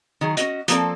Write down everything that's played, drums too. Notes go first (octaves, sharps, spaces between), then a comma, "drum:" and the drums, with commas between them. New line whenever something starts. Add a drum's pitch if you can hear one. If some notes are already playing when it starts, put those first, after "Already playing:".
D#3 F#3 G#4
C#4 F#4 D#5, drum: hi-hat
F3 A#3 C4 A4 D5, drum: hi-hat